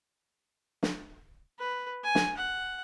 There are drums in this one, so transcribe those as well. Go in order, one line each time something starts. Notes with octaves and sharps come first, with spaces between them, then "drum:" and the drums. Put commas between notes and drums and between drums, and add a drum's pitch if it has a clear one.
drum: snare
B4
G#5
drum: snare
F#5